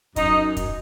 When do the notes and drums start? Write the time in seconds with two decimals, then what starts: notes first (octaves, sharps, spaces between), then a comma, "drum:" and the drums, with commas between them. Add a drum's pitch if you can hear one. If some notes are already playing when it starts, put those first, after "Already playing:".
0.16 F#2 D#4, drum: kick, hi-hat
0.57 drum: kick, hi-hat